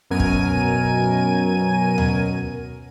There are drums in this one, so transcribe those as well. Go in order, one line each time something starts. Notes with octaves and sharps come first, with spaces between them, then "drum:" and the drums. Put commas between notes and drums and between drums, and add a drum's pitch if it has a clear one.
F#2 B2 F#3 A#4 G#5 D#7
drum: kick
drum: tom D2